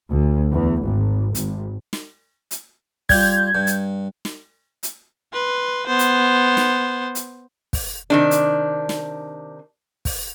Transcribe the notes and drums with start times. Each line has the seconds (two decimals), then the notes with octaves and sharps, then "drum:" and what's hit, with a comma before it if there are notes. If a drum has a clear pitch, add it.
0.10 D2
0.53 E2
0.83 G#1
1.35 G#1, drum: hi-hat
1.93 drum: snare
2.51 drum: hi-hat
3.09 G3 F4 G6 G#6, drum: kick, open hi-hat
3.55 G2
3.67 drum: hi-hat
4.25 drum: snare
4.83 drum: hi-hat
5.33 B4 C6
5.87 B3 C5
5.99 drum: hi-hat
6.57 drum: snare
7.15 drum: hi-hat
7.73 drum: kick, open hi-hat
8.10 C3 D#3 D4
8.31 drum: hi-hat
8.89 drum: snare
10.05 drum: kick, open hi-hat